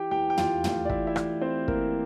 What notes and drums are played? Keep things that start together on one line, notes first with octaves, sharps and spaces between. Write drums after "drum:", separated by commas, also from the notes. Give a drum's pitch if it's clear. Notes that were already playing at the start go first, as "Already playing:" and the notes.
Already playing: E3 G4 G5
E2 G4 G5
G5
E2 F4 F5, drum: tom
A3, drum: tom
D5
E3 E4 E5, drum: kick
E4 E5
E3, drum: rim click
A3 C4 C5
E3 A#3 A#4, drum: kick